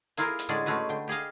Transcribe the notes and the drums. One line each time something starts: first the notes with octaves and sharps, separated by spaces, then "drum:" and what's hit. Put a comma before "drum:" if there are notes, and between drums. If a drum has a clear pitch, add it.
A#3 E4 F4 G#4 A#4, drum: hi-hat
drum: hi-hat
A2 D3 G#3 C#4 G#4 D5
G#3 A3 C#4 F#4 B4
D3 G5
G4 G#4 D#5 F5